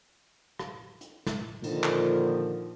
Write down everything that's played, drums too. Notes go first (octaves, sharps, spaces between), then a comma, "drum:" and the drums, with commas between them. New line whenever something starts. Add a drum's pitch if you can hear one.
drum: rim click
drum: hi-hat
drum: snare
A#2 D3 D#3 F3, drum: cymbal
drum: clap